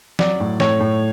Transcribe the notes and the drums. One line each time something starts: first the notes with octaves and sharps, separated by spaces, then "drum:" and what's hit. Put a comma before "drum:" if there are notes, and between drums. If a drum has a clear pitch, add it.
F#3 D5, drum: snare
A2
A2 C#5, drum: snare
A2